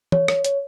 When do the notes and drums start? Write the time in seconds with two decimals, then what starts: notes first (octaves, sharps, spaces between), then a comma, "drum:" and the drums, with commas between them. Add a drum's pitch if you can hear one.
0.12 C#5, drum: tom
0.28 C#5, drum: rim click
0.44 C#5, drum: hi-hat